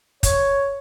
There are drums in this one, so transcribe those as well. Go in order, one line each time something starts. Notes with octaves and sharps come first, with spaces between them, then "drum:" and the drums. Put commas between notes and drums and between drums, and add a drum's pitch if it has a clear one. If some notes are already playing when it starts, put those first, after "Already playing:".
C#5, drum: kick, hi-hat